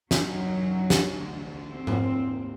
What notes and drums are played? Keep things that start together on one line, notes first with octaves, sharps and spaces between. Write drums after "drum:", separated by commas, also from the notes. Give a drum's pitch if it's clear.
F#2 D#3 F#3, drum: snare
drum: snare
D2 D3
C4
drum: tom G#2
D#2